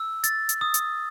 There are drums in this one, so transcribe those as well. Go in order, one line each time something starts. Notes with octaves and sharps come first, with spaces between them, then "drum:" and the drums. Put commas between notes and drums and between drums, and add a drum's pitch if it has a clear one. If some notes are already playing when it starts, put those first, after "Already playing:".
Already playing: E6
A6, drum: hi-hat
drum: hi-hat
D#6
drum: hi-hat